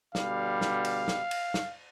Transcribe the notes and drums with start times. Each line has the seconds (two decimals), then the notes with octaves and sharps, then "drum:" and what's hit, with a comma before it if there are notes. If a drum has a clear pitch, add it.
0.15 B2 D3 G3 F5, drum: snare
0.61 drum: snare
0.85 drum: cymbal
1.08 drum: snare
1.31 drum: cymbal
1.54 drum: snare